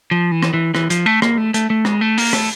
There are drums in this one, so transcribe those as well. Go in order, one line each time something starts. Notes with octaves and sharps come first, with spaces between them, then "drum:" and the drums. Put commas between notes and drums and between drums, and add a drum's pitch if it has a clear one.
F3
E3
drum: rim click
E3
E3, drum: rim click
F3, drum: hi-hat
A3
A#3, drum: rim click
A3
A3, drum: hi-hat
A3
G#3, drum: rim click
A3
A#3, drum: open hi-hat
A3, drum: rim click